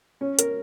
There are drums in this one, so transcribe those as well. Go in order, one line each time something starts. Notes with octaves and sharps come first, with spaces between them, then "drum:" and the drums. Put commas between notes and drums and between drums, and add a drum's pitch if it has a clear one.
C#4
A#4, drum: hi-hat